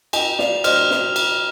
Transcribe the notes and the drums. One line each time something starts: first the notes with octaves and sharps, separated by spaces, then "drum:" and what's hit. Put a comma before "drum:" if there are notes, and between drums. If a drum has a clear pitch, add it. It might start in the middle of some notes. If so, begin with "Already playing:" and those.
D#5 G5 F7, drum: cymbal
D5 F5 F7, drum: snare
C5 D#5 F6, drum: cymbal
F6, drum: snare
F7, drum: cymbal